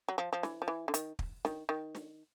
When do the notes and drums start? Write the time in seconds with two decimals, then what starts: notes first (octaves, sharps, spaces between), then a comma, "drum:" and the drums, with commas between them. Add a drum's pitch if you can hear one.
0.08 F#3
0.18 F3
0.33 F3
0.43 E3, drum: snare
0.62 F3
0.68 E3
0.88 D3
0.94 D#3, drum: hi-hat
1.19 drum: kick
1.45 D#3, drum: snare
1.69 D#3
1.95 drum: snare